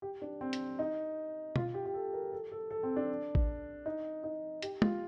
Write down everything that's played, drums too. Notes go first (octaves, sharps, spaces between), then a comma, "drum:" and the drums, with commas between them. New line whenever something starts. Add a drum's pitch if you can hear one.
G4
D4
C4
drum: hi-hat
D#4
F4, drum: tom
G4
G4
A4
A#4
A4
A4
A4
C4
D4
drum: kick A1
D#4
D#4
G4, drum: hi-hat
F4, drum: tom